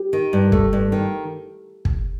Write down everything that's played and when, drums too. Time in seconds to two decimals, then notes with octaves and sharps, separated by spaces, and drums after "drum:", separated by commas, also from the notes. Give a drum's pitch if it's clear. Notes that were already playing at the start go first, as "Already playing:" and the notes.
Already playing: G4
0.13 D#3
0.33 G2
0.52 A3, drum: kick
0.73 G2
0.92 D#3
1.85 drum: kick